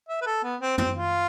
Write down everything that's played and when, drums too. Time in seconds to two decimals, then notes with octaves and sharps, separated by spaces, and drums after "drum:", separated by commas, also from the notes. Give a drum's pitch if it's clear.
0.09 E5
0.21 B4
0.26 A4
0.43 B3
0.61 C4
0.78 C4, drum: tom
0.95 F4